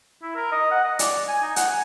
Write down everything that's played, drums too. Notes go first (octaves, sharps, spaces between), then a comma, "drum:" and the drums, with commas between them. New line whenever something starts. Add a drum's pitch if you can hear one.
E4
A#4
D#5
F#5
D#5
D5, drum: hi-hat
G#5
D#4
F#5, drum: hi-hat
G#5